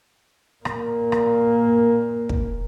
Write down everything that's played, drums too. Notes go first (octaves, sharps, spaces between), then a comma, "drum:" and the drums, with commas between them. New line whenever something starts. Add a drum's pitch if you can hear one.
A#2 A#3, drum: rim click
drum: rim click
drum: kick